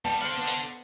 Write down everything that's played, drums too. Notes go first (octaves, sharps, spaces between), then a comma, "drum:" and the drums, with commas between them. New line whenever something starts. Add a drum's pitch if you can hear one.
G3 B3 A5
A4 C5 F5 F#5
B3 C5
drum: hi-hat